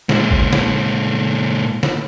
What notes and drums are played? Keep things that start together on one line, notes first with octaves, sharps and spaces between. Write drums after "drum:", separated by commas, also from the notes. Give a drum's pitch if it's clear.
A#2 G#3, drum: snare
drum: kick A1
drum: snare
drum: snare